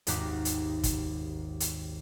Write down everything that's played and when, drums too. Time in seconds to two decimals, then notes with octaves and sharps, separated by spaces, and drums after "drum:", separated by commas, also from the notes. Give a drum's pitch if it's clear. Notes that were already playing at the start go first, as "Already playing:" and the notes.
0.07 G#1 D#2 G4 F#5 A#5 D6, drum: hi-hat
0.45 drum: hi-hat
0.83 drum: kick, hi-hat
1.60 drum: hi-hat